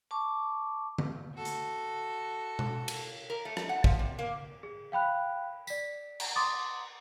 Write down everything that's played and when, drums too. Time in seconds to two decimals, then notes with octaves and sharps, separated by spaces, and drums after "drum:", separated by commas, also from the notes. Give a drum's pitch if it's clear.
0.11 A5 C#6 D6
0.98 drum: tom D3
1.35 F#4 A4
1.45 drum: hi-hat
2.59 drum: tom B2
2.88 drum: cymbal
3.30 A#4
3.45 A3
3.57 A3, drum: rim click
3.69 F#5
3.84 F3, drum: kick
3.99 C3
4.19 A#3
4.63 G#4
4.92 F5 G5 B5 F#6
5.67 D5 B6, drum: tambourine
6.20 drum: cymbal
6.36 C6 D6 D#6 A6